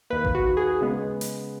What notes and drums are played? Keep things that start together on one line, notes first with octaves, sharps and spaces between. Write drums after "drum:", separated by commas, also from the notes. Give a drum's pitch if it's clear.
D#2 D#3 A#3 B4
drum: kick A1
F#4
G#4
C#3 G#3 B3
drum: hi-hat